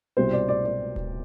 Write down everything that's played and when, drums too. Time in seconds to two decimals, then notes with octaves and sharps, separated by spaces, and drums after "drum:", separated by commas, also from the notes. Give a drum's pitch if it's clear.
0.17 C2 B2 G3 C5
0.33 D5
0.49 D5
0.65 D5
0.96 drum: kick D1